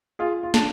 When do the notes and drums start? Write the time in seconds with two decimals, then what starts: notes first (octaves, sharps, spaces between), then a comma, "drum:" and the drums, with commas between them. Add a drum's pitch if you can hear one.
0.19 F4 G#4
0.43 F4
0.54 D4, drum: snare